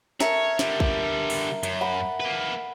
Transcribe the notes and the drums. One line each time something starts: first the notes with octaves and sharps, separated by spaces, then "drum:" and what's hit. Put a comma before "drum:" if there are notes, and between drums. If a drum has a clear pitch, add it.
A4 A#4 C#5 E5, drum: snare
D3 G3, drum: snare
drum: kick A#1
drum: open hi-hat
F#2, drum: hi-hat
F#5 B5
A#3 B4